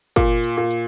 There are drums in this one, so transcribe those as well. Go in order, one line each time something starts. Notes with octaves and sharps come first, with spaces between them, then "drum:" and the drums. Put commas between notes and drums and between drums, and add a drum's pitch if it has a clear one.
A#2, drum: kick, hi-hat
drum: hi-hat
A#2
drum: hi-hat